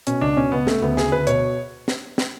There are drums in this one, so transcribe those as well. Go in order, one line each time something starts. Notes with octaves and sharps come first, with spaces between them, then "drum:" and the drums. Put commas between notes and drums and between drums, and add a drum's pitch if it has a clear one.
B2 C#4, drum: hi-hat
C#2 D4
B2 C#4
C#2 B3
C#3 A3, drum: snare
D2 B3
C#3 G#4, drum: snare
D2 B4
B2 C#5, drum: hi-hat
drum: snare
drum: snare